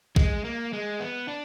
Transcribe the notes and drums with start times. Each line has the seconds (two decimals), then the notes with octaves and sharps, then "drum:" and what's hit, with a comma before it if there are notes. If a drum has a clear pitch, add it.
0.16 G#3, drum: kick A#1
0.44 A#3
0.73 G#3
1.00 B3
1.28 D4